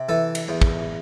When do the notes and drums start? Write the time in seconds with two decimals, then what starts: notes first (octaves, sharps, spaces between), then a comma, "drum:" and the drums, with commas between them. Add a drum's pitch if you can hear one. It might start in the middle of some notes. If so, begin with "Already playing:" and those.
Already playing: C3
0.09 E3 A4
0.35 drum: cymbal
0.48 E2
0.62 drum: kick